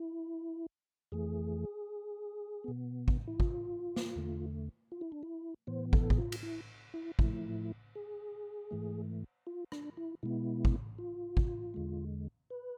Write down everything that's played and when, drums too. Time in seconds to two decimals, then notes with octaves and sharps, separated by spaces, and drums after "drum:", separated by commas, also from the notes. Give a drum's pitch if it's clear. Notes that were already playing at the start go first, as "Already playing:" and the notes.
Already playing: E4
1.12 F2 E3 A3 G#4
2.64 B2 B3
3.08 drum: kick
3.28 E4
3.40 F4, drum: kick
3.96 drum: snare
4.16 E2 D3 A3
4.92 F4
5.01 E4
5.12 D4
5.23 E4
5.67 A2 E3 B3 C5
5.93 A4, drum: kick
6.10 G#4, drum: kick
6.18 F4
6.32 drum: cymbal
6.43 E4
6.94 E4
7.19 A2 F3 A3 E4, drum: kick
7.95 G#4
8.71 G#2 E3 A3
9.47 F4
9.72 D4, drum: rim click
9.97 E4
10.23 B2 G#3 B3 E4
10.65 drum: kick
10.98 F4
11.37 drum: kick
11.74 E2 D3 G#3
12.50 B4